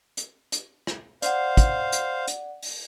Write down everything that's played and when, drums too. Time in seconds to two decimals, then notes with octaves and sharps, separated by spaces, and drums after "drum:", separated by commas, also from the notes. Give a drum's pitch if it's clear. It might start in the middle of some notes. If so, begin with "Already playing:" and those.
0.17 drum: hi-hat
0.52 drum: hi-hat
0.87 drum: rim click
1.22 C5 D5 F5 F#5, drum: hi-hat
1.57 drum: kick, hi-hat
1.92 drum: hi-hat
2.27 drum: hi-hat
2.62 drum: open hi-hat